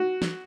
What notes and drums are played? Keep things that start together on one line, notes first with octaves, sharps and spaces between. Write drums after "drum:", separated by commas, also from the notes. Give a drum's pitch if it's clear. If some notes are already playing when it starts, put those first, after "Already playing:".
Already playing: F#4
drum: snare